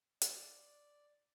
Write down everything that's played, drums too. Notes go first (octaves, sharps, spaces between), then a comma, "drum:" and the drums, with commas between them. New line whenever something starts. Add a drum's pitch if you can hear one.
D5, drum: hi-hat